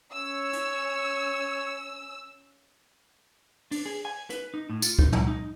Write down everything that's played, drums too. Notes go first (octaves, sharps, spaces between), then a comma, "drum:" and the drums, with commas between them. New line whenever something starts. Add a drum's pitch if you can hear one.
C#4 C#5 E6
drum: hi-hat
D4, drum: open hi-hat
G#4
G#5
B4, drum: hi-hat
D#4
A2
F4, drum: tambourine
D#4, drum: kick C#2
F#3, drum: tom
D#4